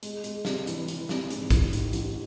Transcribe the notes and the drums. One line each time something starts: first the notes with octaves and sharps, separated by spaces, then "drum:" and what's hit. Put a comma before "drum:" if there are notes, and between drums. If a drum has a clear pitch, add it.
G#3, drum: hi-hat
G#3, drum: hi-hat
C3, drum: snare
E3, drum: hi-hat
E3, drum: hi-hat
C3, drum: snare
G#2, drum: hi-hat
A1, drum: kick, hi-hat
D#3, drum: hi-hat
A1, drum: hi-hat